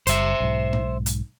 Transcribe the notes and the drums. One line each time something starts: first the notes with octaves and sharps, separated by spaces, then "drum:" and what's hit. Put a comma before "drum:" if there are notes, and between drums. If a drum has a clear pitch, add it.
F#1 G3 C5 E5, drum: hi-hat
B1 G#2
drum: tom G#2
drum: hi-hat